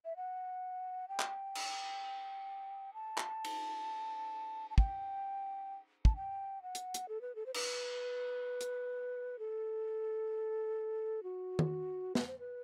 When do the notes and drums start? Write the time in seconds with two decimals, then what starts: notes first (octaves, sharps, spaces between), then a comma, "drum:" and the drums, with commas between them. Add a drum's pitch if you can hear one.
0.05 E5
0.16 F#5
1.08 G5
1.20 drum: clap
1.55 drum: cymbal
2.94 A5
3.18 drum: clap
3.45 drum: cymbal
4.70 A5
4.78 G5, drum: kick
6.05 A5, drum: kick
6.16 G5
6.62 F#5
6.75 drum: hi-hat
6.94 drum: hi-hat
7.08 A4
7.21 B4
7.35 A4
7.46 C5
7.54 B4, drum: cymbal
8.61 drum: hi-hat
9.39 A4
11.23 F#4
11.59 drum: tom D#3
12.15 B4, drum: snare
12.27 C5
12.39 B4